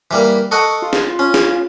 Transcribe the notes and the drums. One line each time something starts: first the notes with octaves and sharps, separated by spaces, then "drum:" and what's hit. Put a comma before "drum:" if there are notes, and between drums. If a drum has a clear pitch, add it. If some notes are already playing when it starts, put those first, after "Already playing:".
E3 G3 A#3
A4 D#5 F#5 C#6
F4
drum: snare
C#4
drum: snare